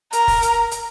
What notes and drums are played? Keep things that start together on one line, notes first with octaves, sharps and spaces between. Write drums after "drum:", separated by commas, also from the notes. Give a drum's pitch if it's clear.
A#4, drum: hi-hat
drum: kick F1, open hi-hat
drum: hi-hat
drum: hi-hat